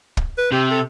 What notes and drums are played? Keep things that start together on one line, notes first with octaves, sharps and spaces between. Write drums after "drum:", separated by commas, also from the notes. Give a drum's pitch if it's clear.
drum: kick
B4
C3 G4
A4